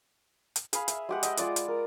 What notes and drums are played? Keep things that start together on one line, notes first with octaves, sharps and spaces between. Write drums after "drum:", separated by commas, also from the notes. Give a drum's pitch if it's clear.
drum: hi-hat
G#4 F5 B5, drum: hi-hat
E5, drum: hi-hat
G#3 G4 F#5
D#5 E5 F#5 G5, drum: hi-hat
G#3 F4 D5 D6, drum: hi-hat
drum: hi-hat
A#4